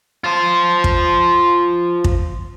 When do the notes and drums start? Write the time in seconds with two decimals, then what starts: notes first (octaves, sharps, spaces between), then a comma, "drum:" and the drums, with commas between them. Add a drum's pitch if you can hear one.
0.24 F4 C5
0.84 drum: kick
2.04 drum: kick